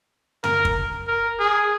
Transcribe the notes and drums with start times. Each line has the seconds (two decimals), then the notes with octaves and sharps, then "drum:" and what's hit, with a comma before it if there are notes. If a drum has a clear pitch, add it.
0.44 A#4, drum: tom
0.65 drum: kick
1.07 A#4
1.39 G#4